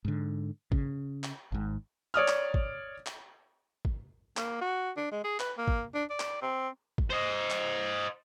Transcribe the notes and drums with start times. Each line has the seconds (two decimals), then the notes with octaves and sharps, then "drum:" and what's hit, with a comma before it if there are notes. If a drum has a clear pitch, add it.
0.05 G#2 D3
0.72 C#3, drum: kick G#1
1.24 drum: clap
1.52 G#1 G#2
2.14 C#5 D5 D#6 F6
2.28 drum: clap
2.54 drum: kick G#1
3.06 drum: clap
3.85 drum: kick G#1
4.37 A#3, drum: clap
4.61 F#4
4.97 D4
5.12 G#3
5.24 G#4
5.40 B4, drum: clap
5.58 A#3
5.68 drum: kick G#1
5.94 D4
6.10 D5
6.20 drum: clap
6.42 C4
6.98 drum: kick G#1
7.10 C5 D#5
7.50 drum: clap